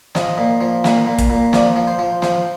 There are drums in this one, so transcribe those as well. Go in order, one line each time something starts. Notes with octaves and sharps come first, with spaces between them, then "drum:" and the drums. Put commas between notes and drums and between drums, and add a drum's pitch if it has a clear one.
F3 D#5, drum: snare
A#2
F3
A#2, drum: snare
A#2
drum: kick, hi-hat
A#2
F3 D5, drum: snare
F3
C5
F3
F3 C5, drum: snare